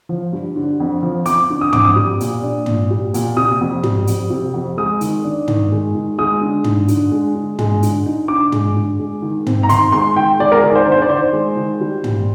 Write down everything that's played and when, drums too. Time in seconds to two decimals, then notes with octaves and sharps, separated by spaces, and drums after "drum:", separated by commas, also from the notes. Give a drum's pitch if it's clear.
0.09 F3
0.33 G2
0.56 D3
0.80 F2
1.03 F3
1.26 F2 D6, drum: hi-hat
1.50 D3
1.61 D#6
1.73 F2 D6, drum: tom
1.85 D#6
1.96 G3
2.20 A#2, drum: hi-hat
2.43 D4
2.66 A#2, drum: tom
2.90 G3
3.14 A#2, drum: hi-hat
3.37 C3 D#6
3.61 F2
3.83 G3, drum: tom
4.07 F2, drum: hi-hat
4.30 C3
4.54 F2
4.77 G#3 D#6
5.01 D#3, drum: hi-hat
5.24 D4
5.48 D#3, drum: tom
5.72 G#3
5.95 D#3
6.18 G#3 D#6
6.41 D3
6.64 D#4, drum: tom
6.88 D3, drum: hi-hat
7.12 G#3
7.35 D3
7.59 G#3, drum: tom
7.83 D3, drum: hi-hat
8.06 D#4
8.28 D3 D6
8.52 G#3, drum: tom
8.76 D3
8.99 G#3
9.22 D#3
9.47 C4, drum: tom
9.63 A#5
9.69 D#3 C6, drum: hi-hat
9.92 G#3 C6
10.16 D#3 G5
10.39 G#3 D5
10.52 A#4
10.57 G#4
10.63 D#3
10.70 D5
10.75 C5
10.86 D4
10.92 C5
11.02 D5
11.09 D#3 C5
11.33 G#3
11.57 D#3
11.81 G3
12.04 A#2, drum: tom